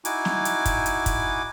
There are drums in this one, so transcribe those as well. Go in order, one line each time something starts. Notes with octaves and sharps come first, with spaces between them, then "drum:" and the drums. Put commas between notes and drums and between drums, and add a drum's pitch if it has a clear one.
D#4 E4 F#4 G#5 D6, drum: hi-hat
drum: snare
drum: hi-hat
drum: kick, hi-hat
drum: hi-hat
drum: kick, hi-hat